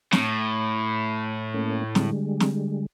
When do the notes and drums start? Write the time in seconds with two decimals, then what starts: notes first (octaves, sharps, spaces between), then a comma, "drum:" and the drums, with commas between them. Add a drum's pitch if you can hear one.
0.12 A2, drum: snare
1.54 A3 A#3 C#4
1.95 D3 G3 G#3, drum: snare
2.40 drum: snare